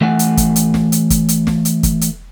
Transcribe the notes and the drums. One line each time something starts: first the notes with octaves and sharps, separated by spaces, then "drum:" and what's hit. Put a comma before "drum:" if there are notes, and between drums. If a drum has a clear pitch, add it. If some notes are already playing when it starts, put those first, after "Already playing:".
E3 A3 F5 F#5 G#5
drum: hi-hat
drum: kick, hi-hat
drum: hi-hat
drum: snare
drum: hi-hat
drum: kick, hi-hat
drum: hi-hat
drum: snare
drum: hi-hat
drum: kick, hi-hat
drum: hi-hat